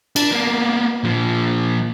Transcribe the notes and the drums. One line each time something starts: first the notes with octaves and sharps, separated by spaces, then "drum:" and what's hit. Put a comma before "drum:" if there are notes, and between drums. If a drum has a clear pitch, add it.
D4, drum: cymbal
A#3 B3
A#2 F3